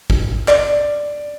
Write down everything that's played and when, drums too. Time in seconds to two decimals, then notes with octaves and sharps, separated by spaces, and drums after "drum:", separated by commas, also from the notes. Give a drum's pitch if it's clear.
0.10 drum: kick G#1
0.48 D5, drum: clap